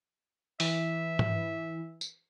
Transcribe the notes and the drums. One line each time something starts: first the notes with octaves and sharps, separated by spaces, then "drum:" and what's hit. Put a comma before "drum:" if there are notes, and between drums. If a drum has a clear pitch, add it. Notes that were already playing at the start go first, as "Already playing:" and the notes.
E3 E5, drum: open hi-hat
drum: tom G#2
drum: tambourine